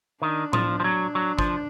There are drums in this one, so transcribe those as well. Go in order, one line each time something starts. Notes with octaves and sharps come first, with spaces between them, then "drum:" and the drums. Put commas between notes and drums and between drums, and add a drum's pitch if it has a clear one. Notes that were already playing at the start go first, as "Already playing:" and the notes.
D#3 D4
F3, drum: tom A2
F3
F#3
F#3
F3, drum: kick